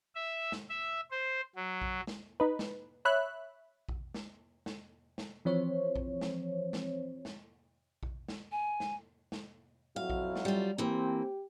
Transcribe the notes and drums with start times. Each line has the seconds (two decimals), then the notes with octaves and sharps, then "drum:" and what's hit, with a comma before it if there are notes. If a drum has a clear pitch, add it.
0.15 E5
0.52 drum: snare
0.69 E5
1.11 C5
1.56 F#3
1.82 drum: kick A#1
2.07 drum: snare
2.40 D#4 B4
2.59 drum: snare
3.05 C#5 E5 B5 F#6
3.89 drum: kick A#1
4.14 drum: snare
4.66 drum: snare
5.18 drum: snare
5.45 E3 F3 C4 C5 C#5
5.96 drum: kick A#1
6.21 drum: snare
6.73 drum: snare
7.25 drum: snare
8.03 drum: kick A#1
8.28 drum: snare
8.52 G#5
8.80 drum: snare
9.32 drum: snare
9.96 F2 F#3 E4 F#4 F5
10.10 drum: kick A#1
10.36 drum: snare
10.45 G3 F4
10.78 E3 A#3 C4 G4